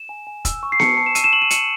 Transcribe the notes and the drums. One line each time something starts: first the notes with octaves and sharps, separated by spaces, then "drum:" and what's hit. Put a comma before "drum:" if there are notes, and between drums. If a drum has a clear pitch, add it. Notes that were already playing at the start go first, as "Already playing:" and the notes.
Already playing: E7
G#5
G#5
E6, drum: kick E1, hi-hat
C#6
C7
A5 C#7, drum: snare B3
A5 C#7
E7
E6 D#7, drum: hi-hat
E7
C#6 F#7
D#7
A5 C#7, drum: hi-hat